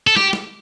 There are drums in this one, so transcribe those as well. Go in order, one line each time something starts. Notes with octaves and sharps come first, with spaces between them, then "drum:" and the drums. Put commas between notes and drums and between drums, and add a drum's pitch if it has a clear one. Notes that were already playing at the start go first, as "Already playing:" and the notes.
A4
G4, drum: snare
drum: snare